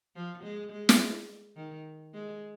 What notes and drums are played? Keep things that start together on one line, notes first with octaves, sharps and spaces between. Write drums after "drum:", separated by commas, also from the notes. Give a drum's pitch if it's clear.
F3
G#3
G#3
drum: snare
D#3
G#3